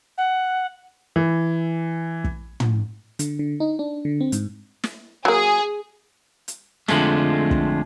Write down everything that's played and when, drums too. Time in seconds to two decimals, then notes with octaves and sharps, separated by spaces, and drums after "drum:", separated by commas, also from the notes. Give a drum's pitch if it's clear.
0.17 F#5
1.16 E3
2.24 drum: kick
2.60 drum: tom
3.19 D3, drum: hi-hat
3.39 D3
3.60 D#4
3.79 D4
4.05 D3
4.21 C4
4.32 G#2, drum: hi-hat
4.84 drum: snare
5.25 F#3 A#3 G#4
6.48 drum: hi-hat
6.88 F2 D3 F3 G#3 A3, drum: snare
7.51 drum: kick